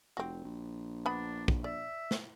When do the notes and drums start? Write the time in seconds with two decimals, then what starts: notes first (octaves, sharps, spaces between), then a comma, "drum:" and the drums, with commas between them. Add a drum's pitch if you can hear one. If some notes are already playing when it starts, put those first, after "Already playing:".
0.17 F1 C4 F#4
0.45 A#1
1.06 B3 D4 B5
1.48 drum: kick
1.64 D5 E5
2.11 drum: snare